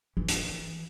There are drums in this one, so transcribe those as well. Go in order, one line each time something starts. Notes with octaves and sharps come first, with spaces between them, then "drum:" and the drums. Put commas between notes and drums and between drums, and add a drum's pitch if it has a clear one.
E3
drum: hi-hat